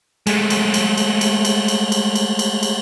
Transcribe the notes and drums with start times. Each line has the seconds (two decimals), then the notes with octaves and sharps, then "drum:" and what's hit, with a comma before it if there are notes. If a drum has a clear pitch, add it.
0.27 G#3 A3, drum: cymbal
0.50 drum: cymbal
0.74 drum: cymbal
0.97 drum: cymbal
1.21 drum: cymbal
1.45 drum: cymbal
1.68 drum: cymbal
1.92 drum: cymbal
2.15 drum: cymbal
2.39 drum: cymbal
2.63 drum: cymbal